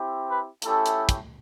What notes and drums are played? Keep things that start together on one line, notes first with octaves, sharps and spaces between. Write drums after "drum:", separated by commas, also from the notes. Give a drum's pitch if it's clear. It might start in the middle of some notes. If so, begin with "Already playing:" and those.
Already playing: C4 E4 G4
B4
A3 C#4 E4 G4 A4, drum: hi-hat
drum: hi-hat
drum: kick, hi-hat